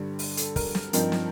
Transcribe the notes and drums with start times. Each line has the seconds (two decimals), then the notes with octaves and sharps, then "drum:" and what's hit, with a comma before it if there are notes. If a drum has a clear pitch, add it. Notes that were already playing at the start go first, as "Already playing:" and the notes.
Already playing: G2 D3 G3
0.19 drum: open hi-hat
0.37 A4, drum: hi-hat
0.56 A#4, drum: kick, open hi-hat
0.75 drum: snare
0.93 G2 F3 C4 D#4 A#4, drum: hi-hat
1.12 drum: snare